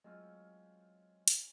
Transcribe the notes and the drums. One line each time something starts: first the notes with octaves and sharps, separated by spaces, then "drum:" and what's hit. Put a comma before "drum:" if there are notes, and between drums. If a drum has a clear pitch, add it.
F#3 G#3 C4 C#4 F4 D#5
drum: hi-hat